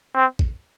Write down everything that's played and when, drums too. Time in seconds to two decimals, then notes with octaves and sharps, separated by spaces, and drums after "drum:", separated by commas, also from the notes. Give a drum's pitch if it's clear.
0.15 C4
0.39 drum: kick A#1